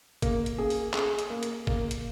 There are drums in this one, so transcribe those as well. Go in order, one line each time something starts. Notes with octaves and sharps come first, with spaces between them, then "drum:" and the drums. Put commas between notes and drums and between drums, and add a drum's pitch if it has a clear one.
A#3, drum: kick G1, hi-hat
drum: hi-hat
G#4
drum: open hi-hat
G#4, drum: clap
drum: hi-hat
A#3
drum: hi-hat
A#3, drum: kick G1
drum: hi-hat